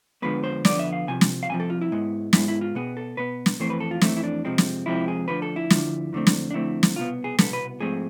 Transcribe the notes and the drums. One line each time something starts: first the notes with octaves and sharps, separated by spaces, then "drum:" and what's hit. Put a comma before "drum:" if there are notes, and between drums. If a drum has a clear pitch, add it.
F2 D3 F3 G#3 B3 B4
C5
F2 D3 F3 B3 D5, drum: snare
E5
F5
C2 C3 F3 G#5
drum: snare
F5
C2 C3 F3 G#5
A4
F4
E4
G#2 G#3 B3
G#2 G#3 B3 E4, drum: snare
E4
F4
B2 B3 G#4
A4
B2 B3 B4
drum: snare
F2 E3 A3 C4 C5
B4
A4
F4
F2 E3 A3 C4 E4, drum: snare
E4
D4
F2 C3 F3 G#3 C4
drum: snare
F2 C3 F3 G#3 C4 E4
G#4
D2 D3 F3 B4
A4
E4
D2 D3 F3, drum: snare
F2 D3 A3 C4
drum: snare
D4
F2 D3 A3 C4 E4
drum: snare
C2 B2 B3 F4
G#4
C2 B2 B3 A4, drum: snare
B4
G#2 F3 A3 C4 G#4